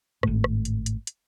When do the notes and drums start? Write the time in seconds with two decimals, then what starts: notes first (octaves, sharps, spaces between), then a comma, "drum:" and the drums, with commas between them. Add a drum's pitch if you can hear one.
0.23 G#1 A2, drum: rim click
0.44 drum: rim click
0.65 drum: hi-hat
0.86 drum: hi-hat
1.07 drum: hi-hat